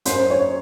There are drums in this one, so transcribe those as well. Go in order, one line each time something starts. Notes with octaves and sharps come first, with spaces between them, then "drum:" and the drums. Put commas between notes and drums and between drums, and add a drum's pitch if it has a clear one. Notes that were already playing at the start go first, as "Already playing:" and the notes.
F#2 C5, drum: hi-hat
C#5